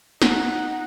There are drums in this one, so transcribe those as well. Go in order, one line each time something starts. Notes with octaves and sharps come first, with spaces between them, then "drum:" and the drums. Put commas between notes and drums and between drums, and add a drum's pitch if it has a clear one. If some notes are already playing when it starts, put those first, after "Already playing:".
D#4 F#5, drum: snare